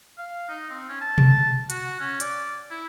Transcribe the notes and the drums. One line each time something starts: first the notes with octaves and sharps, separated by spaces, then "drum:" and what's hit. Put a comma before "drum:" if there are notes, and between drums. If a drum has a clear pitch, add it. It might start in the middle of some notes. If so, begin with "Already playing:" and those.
F5
D#4
C4
C#4
A5
drum: tom B2
F#4, drum: hi-hat
C#4
D5, drum: hi-hat
E4